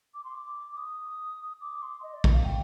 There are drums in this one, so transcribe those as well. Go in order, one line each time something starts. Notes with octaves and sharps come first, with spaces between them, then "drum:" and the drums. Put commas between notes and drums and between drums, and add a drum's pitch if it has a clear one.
D6
C6
D6
D6
D#6
D6
C6
D#5
D5
D#5, drum: kick A#1
F5
G5